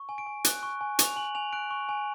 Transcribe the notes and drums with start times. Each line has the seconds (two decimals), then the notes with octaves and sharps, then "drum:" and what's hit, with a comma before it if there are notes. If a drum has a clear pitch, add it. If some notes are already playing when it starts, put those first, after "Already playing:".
Already playing: C#6
0.09 G#5
0.18 D7
0.26 G#5
0.44 F#6, drum: hi-hat
0.63 C#6
0.81 G#5
0.99 C#6 F7, drum: hi-hat
1.16 G#5 F#7
1.35 G#5 F7
1.53 F#6 D7
1.71 C#6
1.89 G#5